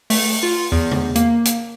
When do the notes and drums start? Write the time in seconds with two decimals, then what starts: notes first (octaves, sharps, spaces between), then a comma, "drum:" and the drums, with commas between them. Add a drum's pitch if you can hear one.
0.10 A3, drum: open hi-hat
0.43 F4
0.72 E2
0.91 drum: tom C3
1.15 A#3, drum: hi-hat
1.45 drum: hi-hat